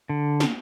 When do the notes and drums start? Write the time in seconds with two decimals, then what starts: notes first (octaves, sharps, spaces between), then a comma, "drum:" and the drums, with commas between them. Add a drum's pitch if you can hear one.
0.09 D3
0.40 drum: snare